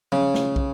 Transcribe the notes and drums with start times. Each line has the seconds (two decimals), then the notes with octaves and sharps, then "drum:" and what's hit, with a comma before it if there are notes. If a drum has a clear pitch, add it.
0.12 C#3, drum: tom F3
0.34 drum: snare
0.56 drum: kick